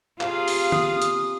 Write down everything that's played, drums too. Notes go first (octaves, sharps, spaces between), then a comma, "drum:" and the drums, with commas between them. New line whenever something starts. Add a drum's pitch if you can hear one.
C3 F4 G#4 F5, drum: clap
drum: open hi-hat
D#6, drum: tom
drum: hi-hat